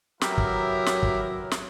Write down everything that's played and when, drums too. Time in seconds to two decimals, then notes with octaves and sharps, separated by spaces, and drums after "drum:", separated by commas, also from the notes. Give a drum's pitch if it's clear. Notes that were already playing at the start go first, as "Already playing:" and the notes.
0.21 F#3 B3 E4 G4 A#4 E5, drum: snare
0.38 drum: kick
0.86 drum: snare
1.03 drum: kick
1.51 drum: snare